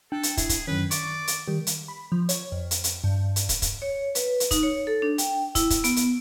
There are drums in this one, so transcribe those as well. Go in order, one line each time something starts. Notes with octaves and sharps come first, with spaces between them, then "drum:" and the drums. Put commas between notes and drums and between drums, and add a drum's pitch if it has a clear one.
D4 A4 G5
drum: hi-hat
E4 G#4, drum: kick, hi-hat
drum: kick, hi-hat
F#2 D3 D#3 C#4 B4
D5 C#6, drum: hi-hat
drum: hi-hat
D#3 G3
drum: hi-hat
B5
F3
C#5, drum: hi-hat
F2
drum: hi-hat
drum: hi-hat
G2
drum: hi-hat
drum: kick, hi-hat
drum: kick, hi-hat
C#5
B4, drum: hi-hat
drum: hi-hat
D#4, drum: kick, hi-hat
C#5
A4
D4
G5, drum: hi-hat
E4, drum: kick, hi-hat
drum: kick, hi-hat
B3, drum: hi-hat
drum: hi-hat